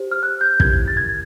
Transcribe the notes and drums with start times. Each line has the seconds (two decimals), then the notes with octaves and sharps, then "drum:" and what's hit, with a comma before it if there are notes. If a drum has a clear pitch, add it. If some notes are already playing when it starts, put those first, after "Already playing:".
Already playing: G4 C5
0.11 F6
0.23 F#6
0.41 G6
0.60 E4 G4 A#4 G#6, drum: kick
0.88 A6
0.97 G#6